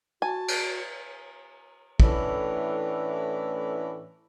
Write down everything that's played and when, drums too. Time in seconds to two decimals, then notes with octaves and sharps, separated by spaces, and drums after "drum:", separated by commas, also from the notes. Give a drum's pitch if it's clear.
0.22 F#4 G#5 A5
0.48 drum: cymbal
2.00 A2 E3 A3 C#4 D4, drum: kick